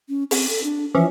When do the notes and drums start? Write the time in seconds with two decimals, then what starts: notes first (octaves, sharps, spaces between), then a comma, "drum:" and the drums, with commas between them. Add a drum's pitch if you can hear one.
0.09 C#4
0.31 C4, drum: open hi-hat
0.49 A4
0.64 D4
0.95 E3 F3 C#4 E5